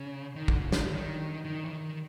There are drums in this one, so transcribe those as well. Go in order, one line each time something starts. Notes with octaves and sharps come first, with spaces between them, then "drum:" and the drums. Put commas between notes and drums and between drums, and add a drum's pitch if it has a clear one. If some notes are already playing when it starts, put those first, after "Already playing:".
Already playing: C#3
D#3
D3, drum: kick
C#3
D3, drum: snare
D#3
D#3
E3
D#3